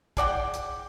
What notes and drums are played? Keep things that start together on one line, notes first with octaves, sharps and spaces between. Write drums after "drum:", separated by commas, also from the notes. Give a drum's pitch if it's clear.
G#4 D5 F#5 G5, drum: kick, hi-hat
drum: hi-hat